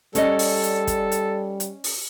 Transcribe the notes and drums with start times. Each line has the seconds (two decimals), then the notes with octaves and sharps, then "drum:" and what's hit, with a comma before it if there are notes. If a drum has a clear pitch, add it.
0.15 G3 C#4 A4 D5 D#5, drum: hi-hat
0.39 drum: open hi-hat
0.63 drum: hi-hat
0.87 drum: kick, hi-hat
1.12 drum: hi-hat
1.60 drum: hi-hat
1.84 drum: open hi-hat